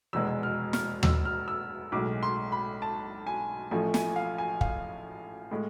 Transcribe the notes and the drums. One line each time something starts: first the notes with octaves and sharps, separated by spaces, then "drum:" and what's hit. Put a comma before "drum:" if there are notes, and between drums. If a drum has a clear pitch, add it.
F1 E2 B2 G#3 E6
F6
F6, drum: snare
E6, drum: tom D#2
F6
E6
B1 A2 G#3 D6
C6
B5
A5
G#5
A1 A2 F3 A3 G#5
G#5, drum: snare
F5
G#5
F5, drum: kick
A2 G#3